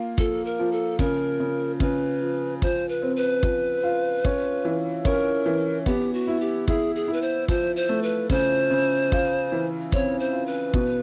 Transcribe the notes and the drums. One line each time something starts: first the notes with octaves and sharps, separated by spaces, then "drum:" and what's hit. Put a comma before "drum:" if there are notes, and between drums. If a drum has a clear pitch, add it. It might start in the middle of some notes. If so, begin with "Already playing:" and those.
Already playing: A#3 F4
F3 A4, drum: kick
A#4
F3
A4
C#3 A#4, drum: kick
C#3
C#3 B4, drum: kick
F3
F3 C5, drum: kick
B4
C4
B4
F3, drum: kick
F4
C#4, drum: kick
E3
C#4 A#4, drum: kick
E3
B3 G4, drum: kick
F#4
E4
G4
E4 G#4, drum: kick
G#4
E4
B4
C5
F3 C5, drum: kick
C5
A3
B4
C#3 C5, drum: kick
C#3
F4, drum: kick
E3
C4 C#5, drum: kick
C5
F4
B4
B2, drum: kick